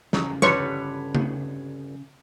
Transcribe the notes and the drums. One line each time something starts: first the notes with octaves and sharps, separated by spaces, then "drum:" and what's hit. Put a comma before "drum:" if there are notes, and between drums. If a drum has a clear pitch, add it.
C#3 F#3 D#4 G#4, drum: snare
G1 D3 G3 B4 C#5 C6 C#6, drum: snare
drum: tom